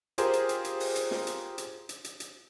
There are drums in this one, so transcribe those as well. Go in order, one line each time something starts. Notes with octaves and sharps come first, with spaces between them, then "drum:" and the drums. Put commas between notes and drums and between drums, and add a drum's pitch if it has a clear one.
F4 G4 G#4 A#4 C5, drum: hi-hat
drum: hi-hat
drum: hi-hat
drum: hi-hat
drum: open hi-hat
drum: hi-hat
drum: snare
drum: hi-hat
drum: hi-hat
drum: hi-hat
drum: hi-hat
drum: hi-hat